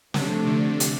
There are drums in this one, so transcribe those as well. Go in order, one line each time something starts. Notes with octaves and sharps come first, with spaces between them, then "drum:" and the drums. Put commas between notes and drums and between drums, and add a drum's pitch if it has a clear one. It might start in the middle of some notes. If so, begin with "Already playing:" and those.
C3 F3 A3 D4, drum: snare
D3
drum: hi-hat